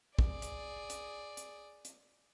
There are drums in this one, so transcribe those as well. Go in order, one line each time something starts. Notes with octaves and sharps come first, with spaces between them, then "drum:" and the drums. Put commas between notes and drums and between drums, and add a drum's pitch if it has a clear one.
G#4 D5, drum: kick
drum: hi-hat
drum: hi-hat
drum: hi-hat
drum: hi-hat